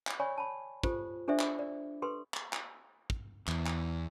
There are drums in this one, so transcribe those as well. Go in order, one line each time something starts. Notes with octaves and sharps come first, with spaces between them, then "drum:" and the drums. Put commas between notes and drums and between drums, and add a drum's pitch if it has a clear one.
drum: clap
C#5 D5 G#5 B5 C#6
A5 B5
F4 G4 A4 C5, drum: kick
D4 G4 A4 C5 D5 E5
drum: clap
D5
G4 A4 B4 C6
drum: clap
drum: clap
drum: kick
E2, drum: clap
drum: clap